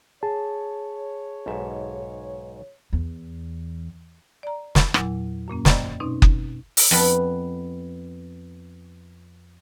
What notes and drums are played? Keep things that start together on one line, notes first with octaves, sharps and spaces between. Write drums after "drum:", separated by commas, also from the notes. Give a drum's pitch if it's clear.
G#4 C#5 A5
B1 G#2 E5
E2
D5 A#5
drum: snare
E2 A#2 F#3 E4 D6, drum: rim click
F#2 A#2 A#3 C#4
C5 D5 D#5 G5 A#5, drum: snare
B2 C4 C#4 D#4
drum: kick F#1
drum: open hi-hat
F2 B3 B4